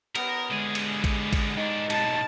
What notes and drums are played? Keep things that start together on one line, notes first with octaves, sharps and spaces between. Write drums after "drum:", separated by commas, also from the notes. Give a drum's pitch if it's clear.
B3 A#4, drum: cymbal
D3 G#3 G#4
drum: cymbal
drum: kick A1, cymbal
drum: kick A1, cymbal
G#2 D#3 D4
G#2 B2 A5 A6, drum: cymbal